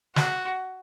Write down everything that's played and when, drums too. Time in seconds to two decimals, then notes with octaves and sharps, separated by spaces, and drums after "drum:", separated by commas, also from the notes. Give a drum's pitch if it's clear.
0.16 F#4, drum: snare